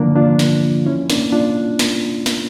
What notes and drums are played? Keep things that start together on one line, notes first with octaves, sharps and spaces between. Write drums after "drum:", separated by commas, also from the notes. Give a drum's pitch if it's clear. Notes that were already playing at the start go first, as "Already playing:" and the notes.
Already playing: D3 E3 F3 A#3 D4
D4 F4
drum: snare
C#4 E4
A#3 D4, drum: snare
D4 F4
drum: snare
drum: snare